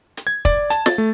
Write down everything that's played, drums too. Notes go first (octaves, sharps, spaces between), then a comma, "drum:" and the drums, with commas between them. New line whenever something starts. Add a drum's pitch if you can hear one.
drum: hi-hat
G#6
D5, drum: kick
A5, drum: hi-hat
A6, drum: snare
A3